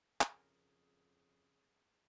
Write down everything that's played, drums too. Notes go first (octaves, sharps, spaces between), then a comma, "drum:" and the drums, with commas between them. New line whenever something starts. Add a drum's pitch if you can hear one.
F2 C#3 G#4 A#4, drum: clap